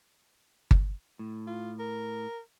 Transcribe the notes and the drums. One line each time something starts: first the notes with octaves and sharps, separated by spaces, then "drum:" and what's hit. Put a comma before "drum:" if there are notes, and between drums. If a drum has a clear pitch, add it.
drum: kick G1
A2
F4
A#4